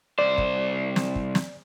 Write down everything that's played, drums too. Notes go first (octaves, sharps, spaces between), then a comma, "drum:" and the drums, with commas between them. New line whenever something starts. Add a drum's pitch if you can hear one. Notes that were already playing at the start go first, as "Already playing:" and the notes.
C2 C5 D5
drum: kick
drum: snare
drum: kick
drum: snare